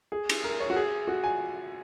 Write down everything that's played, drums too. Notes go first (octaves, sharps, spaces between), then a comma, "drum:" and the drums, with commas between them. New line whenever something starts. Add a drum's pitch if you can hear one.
G#4
drum: cymbal
A#4
C#5
F#4
G#4
F#4
G#5